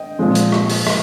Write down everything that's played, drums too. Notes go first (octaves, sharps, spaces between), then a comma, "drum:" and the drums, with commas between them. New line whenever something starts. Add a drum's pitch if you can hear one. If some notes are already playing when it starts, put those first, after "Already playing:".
Already playing: D#5 G5
A#2 F3 G#3 C4
drum: hi-hat
drum: rim click
drum: open hi-hat
drum: rim click